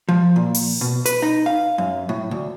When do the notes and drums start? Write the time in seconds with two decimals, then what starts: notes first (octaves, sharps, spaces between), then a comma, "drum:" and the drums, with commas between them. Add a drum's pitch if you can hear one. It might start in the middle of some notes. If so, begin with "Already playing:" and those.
0.09 F3
0.36 A#2
0.54 drum: open hi-hat
0.81 B2
1.06 B4, drum: hi-hat
1.22 D#4
1.46 F5
1.78 F#2
2.09 A2
2.31 D2